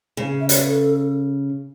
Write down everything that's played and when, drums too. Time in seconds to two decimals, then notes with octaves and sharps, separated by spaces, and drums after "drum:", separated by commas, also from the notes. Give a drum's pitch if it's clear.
0.17 C#3
0.40 E5
0.49 C#5, drum: hi-hat
0.58 B4
0.67 A4